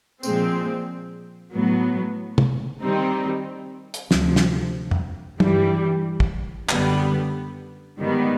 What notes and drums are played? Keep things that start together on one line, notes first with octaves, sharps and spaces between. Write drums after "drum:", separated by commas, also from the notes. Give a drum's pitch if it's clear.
A#2 F3 G#3 C4, drum: tambourine
A2 F#3 B3
drum: tom
D#3 G3 C4 D#4
drum: hi-hat
D2 C3 F3, drum: snare
drum: snare
drum: tom
G2 E3 G3, drum: tom
drum: kick
F#2 D3 G3 B3, drum: clap
G#2 D#3 G3 B3